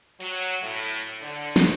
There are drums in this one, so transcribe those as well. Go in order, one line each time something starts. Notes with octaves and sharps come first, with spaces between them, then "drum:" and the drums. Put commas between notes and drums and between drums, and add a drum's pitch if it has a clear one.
F#3, drum: cymbal
A2
D3
drum: snare